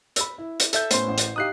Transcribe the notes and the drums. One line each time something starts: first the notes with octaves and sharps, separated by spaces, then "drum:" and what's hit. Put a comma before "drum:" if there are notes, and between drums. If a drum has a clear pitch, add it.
B5 E6, drum: hi-hat
E4
drum: hi-hat
A4 E5 G6, drum: hi-hat
A2 B3 C#4 C5 C6, drum: hi-hat
A1
drum: hi-hat
D#4 G4 F5 D#6 F#6 C7